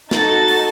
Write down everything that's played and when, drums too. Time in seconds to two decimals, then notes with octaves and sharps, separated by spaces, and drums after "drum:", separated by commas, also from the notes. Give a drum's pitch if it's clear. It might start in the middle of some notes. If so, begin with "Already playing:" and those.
0.11 D#4 F#4 A4 A6, drum: snare
0.48 drum: open hi-hat